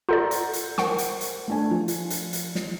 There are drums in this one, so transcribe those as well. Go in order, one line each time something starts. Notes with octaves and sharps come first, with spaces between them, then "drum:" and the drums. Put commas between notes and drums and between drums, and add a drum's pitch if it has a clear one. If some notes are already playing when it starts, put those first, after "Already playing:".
F4 A4 D5 F#5 A#5 G6
drum: hi-hat
drum: hi-hat
A#4 C5 F#5 G5 C#6, drum: snare
drum: hi-hat
drum: hi-hat
A3 D4 G#5
F3
drum: hi-hat
drum: hi-hat
drum: hi-hat
drum: snare